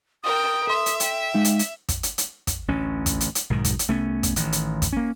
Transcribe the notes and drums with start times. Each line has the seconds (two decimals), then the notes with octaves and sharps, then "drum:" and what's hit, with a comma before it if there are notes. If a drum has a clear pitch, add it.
0.24 A#4 G5 D#6
0.67 A4 E5 C6
0.86 drum: hi-hat
1.00 G5, drum: hi-hat
1.34 G#3 D#4 F5
1.45 drum: hi-hat
1.59 drum: hi-hat
1.89 drum: kick, hi-hat
2.03 drum: hi-hat
2.18 drum: hi-hat
2.47 drum: kick, hi-hat
2.68 A1 D2 C#4
3.06 drum: kick, hi-hat
3.21 drum: hi-hat
3.35 drum: hi-hat
3.50 B1 G#2 B2 D#3
3.64 drum: kick, hi-hat
3.79 drum: hi-hat
3.88 C2 A3 B3 C#4
4.23 drum: kick, hi-hat
4.36 A1 D#3, drum: hi-hat
4.52 drum: hi-hat
4.82 drum: kick, hi-hat
4.93 A#3 C#4